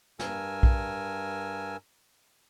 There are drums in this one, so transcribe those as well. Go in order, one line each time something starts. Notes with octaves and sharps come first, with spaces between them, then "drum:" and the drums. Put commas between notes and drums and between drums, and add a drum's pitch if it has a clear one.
G2 A#4 G#5 E6, drum: snare
drum: kick A#1